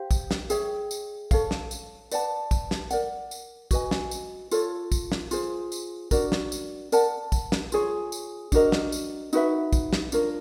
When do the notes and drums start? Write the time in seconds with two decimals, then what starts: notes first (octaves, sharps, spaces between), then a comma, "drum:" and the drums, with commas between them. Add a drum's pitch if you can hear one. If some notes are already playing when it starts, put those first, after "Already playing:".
Already playing: G4 C5 F5
0.11 drum: kick, tambourine
0.31 drum: snare
0.50 G#4 C#5 E5 G5, drum: tambourine
0.91 drum: tambourine
1.31 A4 C#5 F5, drum: kick, tambourine
1.51 drum: snare
1.71 drum: tambourine
2.11 B4 D5 F#5 A5, drum: tambourine
2.51 drum: kick, tambourine
2.71 drum: snare
2.91 A#4 D5 F#5, drum: tambourine
3.31 drum: tambourine
3.71 F#4 B4 D#5 G#5, drum: kick, tambourine
3.91 drum: snare
4.11 drum: tambourine
4.51 F4 A4 C#5, drum: tambourine
4.92 drum: kick, tambourine
5.12 drum: snare
5.31 F4 G#4 C5, drum: tambourine
5.72 drum: tambourine
6.11 D4 F#4 A#4 D5, drum: kick, tambourine
6.32 drum: snare
6.52 drum: tambourine
6.92 A#4 D5 F#5 A5, drum: tambourine
7.32 drum: kick, tambourine
7.52 drum: snare
7.72 F4 G#4 C#5, drum: tambourine
8.12 drum: tambourine
8.52 D4 F#4 A#4 D#5, drum: kick, tambourine
8.72 drum: snare
8.92 drum: tambourine
9.33 D#4 F#4 B4 E5, drum: tambourine
9.73 drum: kick, tambourine
9.93 drum: snare
10.12 D4 F4 A#4 C#5, drum: tambourine